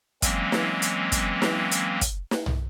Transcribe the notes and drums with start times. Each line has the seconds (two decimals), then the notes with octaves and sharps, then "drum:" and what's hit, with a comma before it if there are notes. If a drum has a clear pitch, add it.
0.22 E3 F#3 G#3 A#3 C4 C#4, drum: kick, hi-hat
0.52 drum: snare
0.82 drum: hi-hat
1.12 drum: kick, hi-hat
1.42 drum: snare
1.72 drum: hi-hat
2.01 drum: kick, hi-hat
2.31 drum: snare
2.46 drum: tom